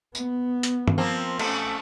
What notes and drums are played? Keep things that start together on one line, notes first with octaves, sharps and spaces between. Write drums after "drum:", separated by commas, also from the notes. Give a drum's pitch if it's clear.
B3, drum: tambourine
drum: hi-hat
drum: tom G2
F3 A#3 C4
A3 C#4, drum: cymbal